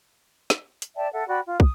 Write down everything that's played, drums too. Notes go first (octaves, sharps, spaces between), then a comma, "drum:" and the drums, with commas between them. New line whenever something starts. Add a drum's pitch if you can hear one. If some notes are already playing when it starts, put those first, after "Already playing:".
drum: snare
drum: hi-hat
D5 E5 G5 A5
A4 E5 F#5
F#4 D5 G5 B5
F4
D#6, drum: kick